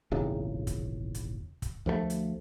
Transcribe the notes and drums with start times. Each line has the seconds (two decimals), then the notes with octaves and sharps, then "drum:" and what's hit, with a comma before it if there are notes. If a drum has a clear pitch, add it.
0.11 D#1 G#1 E2 C#3
0.67 drum: kick, hi-hat
1.15 drum: hi-hat
1.62 drum: kick, hi-hat
1.86 D2 F3 F#3 A3
2.10 drum: hi-hat